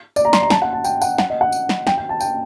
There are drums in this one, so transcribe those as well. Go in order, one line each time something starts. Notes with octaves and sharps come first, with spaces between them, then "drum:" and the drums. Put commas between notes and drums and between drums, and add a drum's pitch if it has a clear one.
D5, drum: tambourine
A#5
C6, drum: snare
A#5
A5, drum: snare
F#5
A5
G5, drum: tambourine
F#5, drum: tambourine
F#5, drum: snare
D#5
F#5
drum: tambourine
drum: snare
G5, drum: snare
G5
A5
G5, drum: tambourine